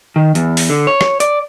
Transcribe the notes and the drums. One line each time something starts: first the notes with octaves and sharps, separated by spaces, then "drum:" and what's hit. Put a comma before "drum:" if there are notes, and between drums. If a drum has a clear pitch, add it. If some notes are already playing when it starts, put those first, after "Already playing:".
D#3
E2, drum: hi-hat
drum: open hi-hat
D3
C#5
drum: rim click
D5, drum: hi-hat